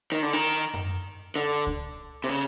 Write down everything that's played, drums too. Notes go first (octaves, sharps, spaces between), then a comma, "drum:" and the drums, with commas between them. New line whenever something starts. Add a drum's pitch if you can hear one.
D#3
D3
D#3
drum: tom F#2
D3
drum: kick C#2
C3
C#3